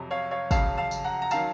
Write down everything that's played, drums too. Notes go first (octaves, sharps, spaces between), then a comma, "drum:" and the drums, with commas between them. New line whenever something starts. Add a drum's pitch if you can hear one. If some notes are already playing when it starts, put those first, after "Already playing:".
Already playing: F2 C3 F#3
C#5 F5
C#5 F5
F2 C#3 F#3 F5 A5, drum: kick, tambourine
F5 A5
drum: tambourine
F#5 A#5
A#5
D#3 F#3 F5 A5, drum: tambourine